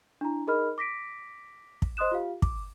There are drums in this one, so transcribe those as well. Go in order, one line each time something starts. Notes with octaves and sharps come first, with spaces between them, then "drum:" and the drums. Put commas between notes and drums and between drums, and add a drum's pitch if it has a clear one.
D4 E4 A#5
D#4 G#4 A#4 D#5 B5 F6
D6 A#6 B6 D7
drum: kick
C5 D#5 C6 D#6 F#6 E7
F4 G4 F5
D6, drum: kick